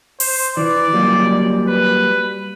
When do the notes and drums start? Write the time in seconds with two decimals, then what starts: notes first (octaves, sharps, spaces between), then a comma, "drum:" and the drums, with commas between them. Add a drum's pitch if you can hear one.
0.20 C5, drum: open hi-hat
0.57 E3 D5
0.93 F#3 G3 A#3
1.67 B4